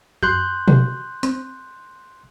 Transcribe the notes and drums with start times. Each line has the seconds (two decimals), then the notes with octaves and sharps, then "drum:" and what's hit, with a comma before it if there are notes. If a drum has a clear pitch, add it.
0.23 F#2 C6 F#6 G6
0.68 drum: tom B2
1.23 C4, drum: hi-hat